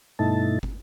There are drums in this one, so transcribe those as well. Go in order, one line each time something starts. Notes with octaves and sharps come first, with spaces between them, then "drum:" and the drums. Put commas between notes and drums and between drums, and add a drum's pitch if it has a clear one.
G2 B2 A3 D#4 E4 A5
drum: kick